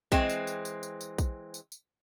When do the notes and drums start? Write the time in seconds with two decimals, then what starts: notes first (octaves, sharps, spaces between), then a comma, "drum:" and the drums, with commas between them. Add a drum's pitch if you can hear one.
0.12 E3 G#3 C4, drum: kick A#1, tambourine
0.29 drum: tambourine
0.47 drum: tambourine
0.65 drum: tambourine
0.83 drum: tambourine
1.01 drum: tambourine
1.18 drum: kick A#1, tambourine
1.54 drum: tambourine
1.72 drum: tambourine